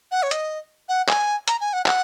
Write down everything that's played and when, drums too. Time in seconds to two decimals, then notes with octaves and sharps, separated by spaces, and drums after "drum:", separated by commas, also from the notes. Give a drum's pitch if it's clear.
0.11 F#5
0.23 C#5
0.31 D#5, drum: hi-hat
0.89 F#5
1.09 G#5, drum: clap
1.48 A#5, drum: hi-hat
1.61 G#5
1.73 F#5
1.86 F#5, drum: clap